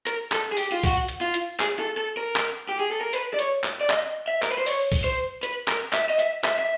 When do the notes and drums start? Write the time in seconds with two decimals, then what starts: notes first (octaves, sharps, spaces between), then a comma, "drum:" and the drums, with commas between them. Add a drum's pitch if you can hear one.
0.07 A#4, drum: hi-hat
0.32 A4, drum: clap
0.52 G#4
0.57 G4, drum: open hi-hat
0.72 F4
0.84 F#4, drum: kick, open hi-hat
1.08 drum: hi-hat
1.21 F4
1.34 drum: hi-hat
1.60 G#4, drum: clap
1.79 A4
1.97 A4
2.17 A#4
2.36 drum: clap
2.69 G4
2.79 G#4
2.91 A4
3.01 A#4
3.13 B4, drum: hi-hat
3.34 D5
3.39 C#5, drum: hi-hat
3.64 drum: clap
3.81 D5
3.90 D#5, drum: clap
4.28 E5
4.43 A#4, drum: clap
4.50 B4
4.58 C5
4.66 C#5, drum: open hi-hat
4.92 drum: kick, open hi-hat
5.04 C5
5.43 B4, drum: hi-hat
5.68 A#4, drum: clap
5.93 E5, drum: clap
6.09 D#5
6.19 E5, drum: hi-hat
6.45 E5, drum: clap
6.59 E5